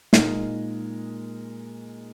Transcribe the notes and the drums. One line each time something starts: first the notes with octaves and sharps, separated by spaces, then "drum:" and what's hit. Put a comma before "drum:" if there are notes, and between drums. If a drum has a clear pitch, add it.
A#2 G#3 D#4 A#4, drum: snare